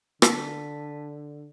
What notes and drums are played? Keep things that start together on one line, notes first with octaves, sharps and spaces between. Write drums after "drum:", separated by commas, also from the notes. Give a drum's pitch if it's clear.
D3 A5 B6, drum: rim click